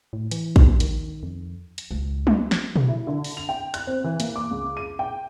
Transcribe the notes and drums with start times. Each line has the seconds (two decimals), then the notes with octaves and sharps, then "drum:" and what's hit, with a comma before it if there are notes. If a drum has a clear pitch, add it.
0.13 A2
0.31 E3, drum: hi-hat
0.56 drum: kick
0.80 D#3, drum: hi-hat
1.23 F2
1.78 drum: hi-hat
1.91 C#2
2.27 drum: tom
2.51 drum: snare
2.76 drum: tom
2.88 E4
3.07 D3
3.24 drum: open hi-hat
3.37 F7
3.49 G5
3.74 F#6, drum: hi-hat
3.87 C4
4.04 E3
4.20 A#3, drum: hi-hat
4.36 D6
4.51 C#2
4.77 D#7
4.99 G5